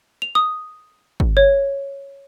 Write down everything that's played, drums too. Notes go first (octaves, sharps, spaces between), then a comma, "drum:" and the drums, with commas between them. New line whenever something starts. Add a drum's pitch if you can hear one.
F7
D#6
drum: kick
C#5